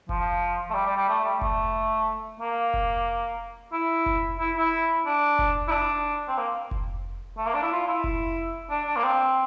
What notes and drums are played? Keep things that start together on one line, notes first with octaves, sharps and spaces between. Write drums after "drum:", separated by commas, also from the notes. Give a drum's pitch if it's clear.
F3, drum: kick F1
A3
G3
G3
G3
A3
G3
A3, drum: kick F1
A#3
drum: kick F1
E4
drum: kick F1
E4
E4
D4
drum: kick F1
E4
D4
C4
A#3
drum: kick F1
A3
A#3
D4
E4
F4
E4
drum: kick F1
D4
D4
A#3
C4